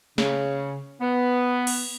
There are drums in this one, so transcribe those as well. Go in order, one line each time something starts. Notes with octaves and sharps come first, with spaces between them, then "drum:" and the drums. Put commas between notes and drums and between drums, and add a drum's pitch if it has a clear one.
C#3, drum: snare
B3
drum: cymbal